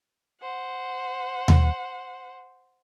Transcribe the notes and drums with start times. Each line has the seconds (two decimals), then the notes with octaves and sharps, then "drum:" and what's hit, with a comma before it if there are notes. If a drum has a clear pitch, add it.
0.41 C5 F#5
1.48 drum: tom D#2